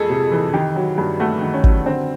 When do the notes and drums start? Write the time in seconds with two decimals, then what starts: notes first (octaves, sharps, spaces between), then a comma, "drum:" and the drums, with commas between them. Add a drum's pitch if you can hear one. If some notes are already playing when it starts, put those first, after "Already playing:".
Already playing: F2 G#3 G#4 A4
0.10 C3
0.32 E3
0.53 D#3 G4
0.76 F#3
0.98 G2
1.20 A3 F#4
1.42 D#3
1.54 C#4
1.64 F#3, drum: kick
1.86 D3 C4